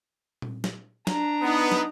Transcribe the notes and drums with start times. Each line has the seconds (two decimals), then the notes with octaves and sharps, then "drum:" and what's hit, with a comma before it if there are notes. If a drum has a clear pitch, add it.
0.42 drum: tom A#2
0.64 drum: snare
1.07 D4 A#5, drum: snare
1.42 B3 D#4
1.72 drum: snare